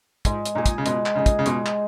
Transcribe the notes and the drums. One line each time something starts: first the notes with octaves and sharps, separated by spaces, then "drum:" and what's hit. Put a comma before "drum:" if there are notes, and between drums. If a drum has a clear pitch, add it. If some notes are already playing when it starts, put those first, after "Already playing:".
G#2 G#3, drum: kick, hi-hat
drum: hi-hat
A#2 D#4 G#4
drum: kick, hi-hat
C#3
B2 G#3, drum: hi-hat
drum: clap
C#3 D#4 G#4
drum: kick, hi-hat
C#3
B2 G#3, drum: hi-hat
drum: clap